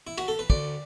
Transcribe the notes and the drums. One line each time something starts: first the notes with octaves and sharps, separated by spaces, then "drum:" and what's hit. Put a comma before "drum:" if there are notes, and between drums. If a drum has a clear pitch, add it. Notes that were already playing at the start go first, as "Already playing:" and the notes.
E4
F#4, drum: cymbal
A4
B4
D2 D5, drum: kick